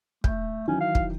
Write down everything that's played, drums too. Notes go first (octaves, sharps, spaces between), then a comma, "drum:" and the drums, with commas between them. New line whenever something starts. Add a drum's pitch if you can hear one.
A3 G6, drum: kick
D#3 E3 F#3 C#4
F5
drum: kick